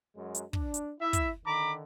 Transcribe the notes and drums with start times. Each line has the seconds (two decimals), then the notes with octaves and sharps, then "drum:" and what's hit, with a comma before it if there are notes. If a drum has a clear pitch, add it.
0.15 F#2 F#3 G#3
0.35 drum: hi-hat
0.53 D4, drum: kick
0.74 drum: hi-hat
1.01 E4 E5
1.13 drum: kick, hi-hat
1.45 D3 D#3 A#5 B5 D6